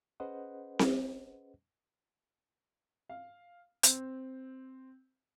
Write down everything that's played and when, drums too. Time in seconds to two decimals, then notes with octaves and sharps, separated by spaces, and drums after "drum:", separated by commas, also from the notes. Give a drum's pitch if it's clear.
0.20 C#4 G#4 B4 C5 D#5 F#5
0.79 drum: snare C4
3.09 F5
3.83 C4, drum: hi-hat